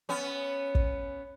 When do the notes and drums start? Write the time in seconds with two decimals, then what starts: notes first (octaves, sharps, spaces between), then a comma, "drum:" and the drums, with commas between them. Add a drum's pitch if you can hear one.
0.09 B3 C#4
0.75 drum: kick